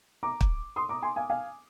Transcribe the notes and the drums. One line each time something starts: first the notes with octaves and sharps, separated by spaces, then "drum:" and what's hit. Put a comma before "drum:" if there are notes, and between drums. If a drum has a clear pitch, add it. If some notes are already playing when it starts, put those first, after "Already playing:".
A#5 D6
drum: kick
C6 D#6
A#5 D6
G#5 C6
F5 G#5
F5 G#5